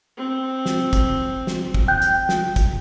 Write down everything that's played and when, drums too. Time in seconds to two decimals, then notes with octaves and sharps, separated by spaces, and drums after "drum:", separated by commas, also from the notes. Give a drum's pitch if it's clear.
0.17 C4
0.66 drum: snare
0.93 drum: kick, hi-hat
1.47 drum: snare
1.74 drum: kick
1.88 G5 F#6 G6
2.02 drum: hi-hat
2.29 drum: snare
2.56 drum: kick, hi-hat